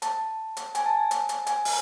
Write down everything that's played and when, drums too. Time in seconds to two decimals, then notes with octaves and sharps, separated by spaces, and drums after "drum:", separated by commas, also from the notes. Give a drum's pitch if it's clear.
0.02 A5, drum: hi-hat
0.57 drum: hi-hat
0.75 G#5, drum: hi-hat
0.86 A5
0.97 G#5
1.11 drum: hi-hat
1.29 drum: hi-hat
1.47 G#5, drum: hi-hat
1.65 drum: open hi-hat